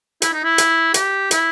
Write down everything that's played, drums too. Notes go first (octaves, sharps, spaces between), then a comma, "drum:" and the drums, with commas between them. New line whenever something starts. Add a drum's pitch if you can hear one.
E4, drum: hi-hat
D#4
E4
drum: hi-hat
G4, drum: hi-hat
E4, drum: hi-hat